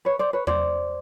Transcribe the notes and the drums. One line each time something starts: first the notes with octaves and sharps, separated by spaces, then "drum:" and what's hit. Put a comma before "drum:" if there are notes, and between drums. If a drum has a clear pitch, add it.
B4 C#5
C5 D5
B4 C#5
C5 D5, drum: tom E2